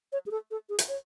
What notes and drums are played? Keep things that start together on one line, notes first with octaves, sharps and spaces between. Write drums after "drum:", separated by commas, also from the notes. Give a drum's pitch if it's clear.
C#5
G#4
A4
A4
G#4
drum: hi-hat
C#5